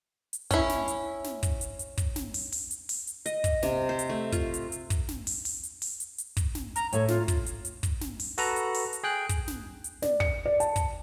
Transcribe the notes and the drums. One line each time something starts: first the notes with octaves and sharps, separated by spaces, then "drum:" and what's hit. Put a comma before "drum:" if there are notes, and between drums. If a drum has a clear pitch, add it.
drum: hi-hat
C#4 E4, drum: kick, hi-hat
drum: snare
drum: hi-hat
drum: snare
drum: kick, hi-hat
drum: hi-hat
drum: hi-hat
drum: kick, hi-hat
drum: snare
drum: open hi-hat
drum: open hi-hat
drum: hi-hat
drum: open hi-hat
drum: hi-hat
D#5, drum: hi-hat
drum: kick, hi-hat
C3, drum: snare
C5
drum: hi-hat
A3
F4, drum: kick, hi-hat
drum: hi-hat
drum: hi-hat
drum: kick, hi-hat
drum: snare
drum: open hi-hat
drum: open hi-hat
drum: hi-hat
drum: open hi-hat
drum: hi-hat
drum: hi-hat
drum: kick, hi-hat
drum: snare
A#5, drum: hi-hat
A2 A3 C#5, drum: hi-hat
F4, drum: snare
drum: kick, hi-hat
drum: hi-hat
drum: hi-hat
drum: kick, hi-hat
drum: snare
drum: open hi-hat
F#4 A4 B4 A#5, drum: open hi-hat
drum: hi-hat
drum: open hi-hat
drum: hi-hat
G#4 G5 F#6
drum: kick, hi-hat
drum: snare
drum: hi-hat
D5, drum: snare
C#7, drum: kick
D5
A5, drum: hi-hat
drum: kick, hi-hat